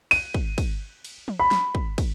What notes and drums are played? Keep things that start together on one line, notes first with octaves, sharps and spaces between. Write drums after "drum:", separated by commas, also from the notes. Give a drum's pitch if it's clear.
D#7, drum: cymbal
drum: kick
drum: kick, cymbal
drum: cymbal
drum: tom
B5
drum: snare
drum: kick
drum: kick, cymbal